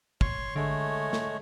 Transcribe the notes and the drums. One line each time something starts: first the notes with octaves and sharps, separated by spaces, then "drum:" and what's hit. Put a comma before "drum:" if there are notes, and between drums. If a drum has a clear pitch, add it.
C#5 C6 C#6, drum: kick
D3 G#3 A3 C#5
drum: snare